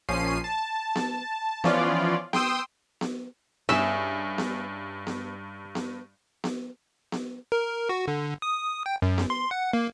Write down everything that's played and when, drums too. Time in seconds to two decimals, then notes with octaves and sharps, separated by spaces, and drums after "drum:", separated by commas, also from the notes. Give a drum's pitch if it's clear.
0.09 A#1 F3 C#4 C7 D#7
0.44 A5
0.95 drum: snare B3
1.64 E3 F3 B3 C#4 F4 D5, drum: snare B3
2.33 G5 C6 D#6 E6, drum: snare B3
3.01 drum: snare B3
3.69 G2 C#4 G#4 E5, drum: snare B3
4.38 drum: snare B3
5.07 drum: snare B3
5.75 drum: snare B3
6.44 drum: snare B3
7.12 drum: snare B3
7.52 A#4
7.89 F#4
8.08 D3
8.42 D#6
8.86 G5
9.02 F#2
9.18 drum: snare B3
9.30 C6
9.51 F#5
9.73 A#3